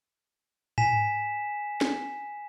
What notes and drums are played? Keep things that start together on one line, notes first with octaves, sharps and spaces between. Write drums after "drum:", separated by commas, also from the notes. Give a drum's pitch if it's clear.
G#5 B6 E7, drum: tom G#2
drum: snare